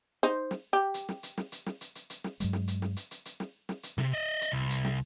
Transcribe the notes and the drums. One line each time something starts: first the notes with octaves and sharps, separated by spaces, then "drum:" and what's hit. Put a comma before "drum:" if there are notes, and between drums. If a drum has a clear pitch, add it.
D#4 C5
drum: snare
G4
drum: hi-hat
drum: snare
drum: hi-hat
drum: snare
drum: hi-hat
drum: snare
drum: hi-hat
drum: hi-hat
drum: hi-hat
drum: snare
G2 F#3 G#3, drum: hi-hat
drum: snare
drum: hi-hat
drum: snare
drum: hi-hat
drum: hi-hat
drum: hi-hat
drum: snare
drum: snare
drum: hi-hat
C3, drum: snare
D5 D#5
drum: hi-hat
C2
drum: hi-hat
drum: snare